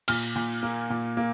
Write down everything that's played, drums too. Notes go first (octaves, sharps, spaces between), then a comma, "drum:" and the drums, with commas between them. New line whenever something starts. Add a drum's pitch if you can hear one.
A#2 F6, drum: cymbal
A#2
A#3
A#2
A#3